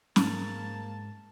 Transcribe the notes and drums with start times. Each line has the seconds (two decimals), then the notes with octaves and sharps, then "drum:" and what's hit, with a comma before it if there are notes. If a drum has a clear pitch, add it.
0.16 G#2 A#3 A5, drum: snare